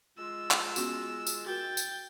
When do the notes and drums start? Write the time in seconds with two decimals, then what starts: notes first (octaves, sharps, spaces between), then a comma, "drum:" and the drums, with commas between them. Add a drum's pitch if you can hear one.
0.18 G#3 F4 E6
0.51 drum: clap
0.76 B3 C#4 F#4, drum: tambourine
1.27 drum: tambourine
1.46 F#4 A#4 G5 A6
1.77 drum: tambourine